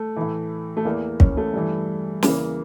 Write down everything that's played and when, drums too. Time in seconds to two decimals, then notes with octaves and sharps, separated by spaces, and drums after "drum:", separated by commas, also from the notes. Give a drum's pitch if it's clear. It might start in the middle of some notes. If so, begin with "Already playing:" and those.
Already playing: A3
0.16 A2 E3
0.77 A3
0.85 E2 E3 A#3
1.20 C#4, drum: kick
1.37 A3
1.54 G2 E3
2.23 E2 C#3 E3 A#3, drum: snare